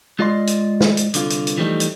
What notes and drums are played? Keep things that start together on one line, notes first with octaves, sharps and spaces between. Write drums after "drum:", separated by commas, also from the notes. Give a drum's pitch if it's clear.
G#3 F4 D5 D#5 C6
drum: hi-hat
drum: snare
drum: hi-hat
C2 D3 F4, drum: hi-hat
drum: hi-hat
drum: hi-hat
E3 F3 G3 A3 D#4
drum: hi-hat